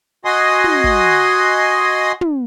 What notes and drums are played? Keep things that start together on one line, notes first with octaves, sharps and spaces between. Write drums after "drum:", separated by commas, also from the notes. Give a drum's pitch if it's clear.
F#4 D#5 G#5 C6 D#6
drum: tom
drum: kick
drum: tom